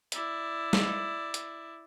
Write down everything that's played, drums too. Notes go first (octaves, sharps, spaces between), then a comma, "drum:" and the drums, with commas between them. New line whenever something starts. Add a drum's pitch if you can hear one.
E4 D5, drum: hi-hat
drum: snare
drum: hi-hat